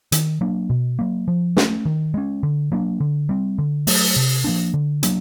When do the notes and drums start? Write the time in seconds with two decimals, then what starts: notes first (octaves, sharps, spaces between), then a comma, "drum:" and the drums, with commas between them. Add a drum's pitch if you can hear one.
0.12 D#3, drum: hi-hat
0.41 F#3 A#3 D4
0.70 B2
0.99 F#3 A#3
1.28 F3
1.57 A3 C#4, drum: snare
1.85 D#3
2.14 G#3 C#4
2.43 D3
2.72 F#3 A#3 D4
3.00 D3
3.29 G3 C4
3.58 D3
3.87 F#3 A3, drum: open hi-hat
4.16 C3
4.44 F3 A#3 D4
4.74 D3
5.03 F#3 A#3 D4, drum: hi-hat